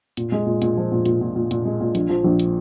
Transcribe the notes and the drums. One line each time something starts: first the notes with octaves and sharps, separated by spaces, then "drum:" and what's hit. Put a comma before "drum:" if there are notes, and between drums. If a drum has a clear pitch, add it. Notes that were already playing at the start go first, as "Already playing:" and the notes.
A#2, drum: hi-hat
G#3
A#2
A#2, drum: hi-hat
F3
A#2
A#2, drum: hi-hat
A#2
A#2
A#2, drum: hi-hat
G#3
A#2
A#1, drum: hi-hat
F3
A#1
drum: hi-hat